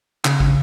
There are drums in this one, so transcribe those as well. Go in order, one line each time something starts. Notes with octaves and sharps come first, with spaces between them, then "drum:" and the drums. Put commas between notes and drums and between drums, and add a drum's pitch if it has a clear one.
C#3, drum: clap
drum: kick